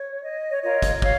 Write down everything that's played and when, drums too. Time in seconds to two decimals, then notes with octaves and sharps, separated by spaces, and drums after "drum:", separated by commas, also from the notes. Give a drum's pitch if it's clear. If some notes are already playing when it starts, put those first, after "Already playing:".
Already playing: C#5
0.22 D#5
0.51 C#5
0.62 F4 A#4 C#5 D#5
0.82 drum: kick, hi-hat
1.02 C#5 F5, drum: kick